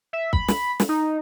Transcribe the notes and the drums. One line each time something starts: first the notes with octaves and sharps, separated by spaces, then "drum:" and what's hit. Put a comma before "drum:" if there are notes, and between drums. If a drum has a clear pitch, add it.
E5
B5, drum: kick
drum: snare
drum: snare
D#4